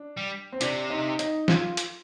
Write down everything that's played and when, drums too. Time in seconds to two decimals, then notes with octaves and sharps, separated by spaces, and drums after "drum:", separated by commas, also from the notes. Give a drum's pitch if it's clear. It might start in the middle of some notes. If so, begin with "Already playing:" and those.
Already playing: D4
0.17 G3
0.52 C4
0.61 C3 D4, drum: hi-hat
0.90 D#4
1.19 D#4, drum: hi-hat
1.48 F4, drum: snare
1.77 drum: hi-hat